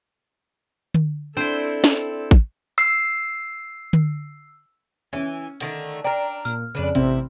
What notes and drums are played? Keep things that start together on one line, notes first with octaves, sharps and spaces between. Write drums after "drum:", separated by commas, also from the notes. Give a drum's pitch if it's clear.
drum: tom D3
C4 D4 E4 A4 C5
drum: snare
drum: kick A1
E6 C7
drum: tom D3
E3 C#4
D3 D#3 A3, drum: hi-hat
D4 A#4 D5 G5 A#5
A#2 F6, drum: tambourine
F2 C#3 D4 B4
A1 C3 C4 E4, drum: hi-hat